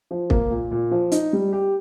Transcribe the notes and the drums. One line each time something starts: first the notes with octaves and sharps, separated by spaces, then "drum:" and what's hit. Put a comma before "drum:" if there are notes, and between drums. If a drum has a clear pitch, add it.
F3
A#3, drum: kick
A#2
A#2
F3
D#4, drum: hi-hat
G3
G4